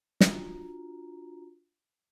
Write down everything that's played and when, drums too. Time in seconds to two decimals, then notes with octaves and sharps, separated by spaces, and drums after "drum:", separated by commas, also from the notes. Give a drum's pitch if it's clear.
0.21 D4 F4 F#4 A#5, drum: snare